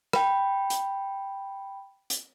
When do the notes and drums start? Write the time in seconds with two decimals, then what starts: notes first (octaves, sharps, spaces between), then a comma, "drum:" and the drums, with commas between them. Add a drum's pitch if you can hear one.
0.13 G5 B5, drum: rim click
0.70 drum: hi-hat
2.10 drum: hi-hat